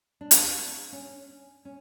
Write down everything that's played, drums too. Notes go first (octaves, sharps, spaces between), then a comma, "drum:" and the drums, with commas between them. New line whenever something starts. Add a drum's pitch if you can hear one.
D4
drum: hi-hat
C#4
C#4